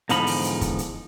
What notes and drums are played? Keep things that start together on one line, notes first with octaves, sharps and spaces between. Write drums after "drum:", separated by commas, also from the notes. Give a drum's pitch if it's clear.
E2 G#2 D3 F3 D#4 B5, drum: hi-hat
drum: open hi-hat
drum: hi-hat
drum: kick, hi-hat
drum: hi-hat